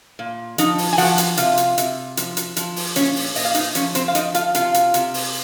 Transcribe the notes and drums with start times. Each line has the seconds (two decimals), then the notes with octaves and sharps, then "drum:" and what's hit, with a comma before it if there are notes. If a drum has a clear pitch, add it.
0.19 A#2
0.58 F3 D#4 D#5, drum: hi-hat
0.78 drum: open hi-hat
0.93 G#5
0.98 F3 F#4 F#5, drum: open hi-hat
1.18 drum: hi-hat
1.37 C3 F4 F5, drum: hi-hat
1.57 drum: hi-hat
1.78 C3, drum: hi-hat
2.17 F3, drum: hi-hat
2.37 drum: hi-hat
2.56 F3, drum: hi-hat
2.76 drum: open hi-hat
2.96 A#2 C#4 C#5, drum: hi-hat
3.16 drum: open hi-hat
3.35 A#2 D#5, drum: open hi-hat
3.45 F5
3.55 D#4 D#5, drum: hi-hat
3.75 F3 C#4 C#5, drum: hi-hat
3.95 C4 C5, drum: hi-hat
4.08 F5
4.15 F3 D#4 D#5, drum: hi-hat
4.35 F4 F5, drum: hi-hat
4.55 C3 F4 F5, drum: hi-hat
4.74 drum: hi-hat
4.94 C3, drum: hi-hat
5.14 drum: open hi-hat